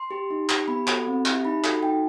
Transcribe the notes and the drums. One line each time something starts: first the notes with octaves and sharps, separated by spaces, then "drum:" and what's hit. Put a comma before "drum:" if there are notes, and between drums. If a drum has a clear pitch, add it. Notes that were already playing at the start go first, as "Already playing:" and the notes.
Already playing: C6
G4
D#4
G4, drum: clap
B3 B5
F#4 A4, drum: clap
C4
E4 G4, drum: clap
D#4 B5
F#4 A4, drum: clap
D#4 G5